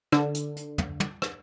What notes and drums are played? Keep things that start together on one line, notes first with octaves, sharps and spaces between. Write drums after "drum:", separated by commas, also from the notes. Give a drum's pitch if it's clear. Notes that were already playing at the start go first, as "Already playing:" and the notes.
D3, drum: rim click
drum: hi-hat
drum: hi-hat
drum: tom
drum: tom
drum: rim click